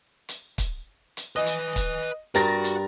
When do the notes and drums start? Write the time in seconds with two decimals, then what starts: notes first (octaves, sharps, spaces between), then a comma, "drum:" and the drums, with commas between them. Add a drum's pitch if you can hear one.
0.29 drum: hi-hat
0.58 drum: kick, hi-hat
1.17 drum: hi-hat
1.36 B4 D#5 G#5
1.46 drum: hi-hat
1.76 drum: kick, hi-hat
2.35 G2 F#4 A#4 A6 A#6, drum: hi-hat
2.64 drum: hi-hat